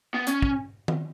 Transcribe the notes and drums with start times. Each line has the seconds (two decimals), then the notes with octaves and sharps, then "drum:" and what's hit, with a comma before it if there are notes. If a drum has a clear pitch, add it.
0.14 B3
0.27 C#4, drum: hi-hat
0.42 drum: kick
0.88 drum: tom D#3